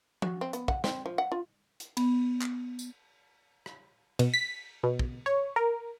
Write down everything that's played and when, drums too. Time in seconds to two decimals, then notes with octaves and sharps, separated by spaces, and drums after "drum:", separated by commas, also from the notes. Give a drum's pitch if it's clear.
0.22 F#4, drum: tom F3
0.41 C4
0.53 B3, drum: hi-hat
0.68 F#5, drum: kick
0.84 C4, drum: snare
1.06 F3
1.18 F#5
1.32 F4
1.80 drum: hi-hat
1.97 B3, drum: cymbal
2.42 drum: clap
2.79 drum: tambourine
3.66 drum: rim click
4.19 B2, drum: cymbal
4.34 B6
4.83 B2
4.99 drum: kick
5.26 C#5
5.56 A#4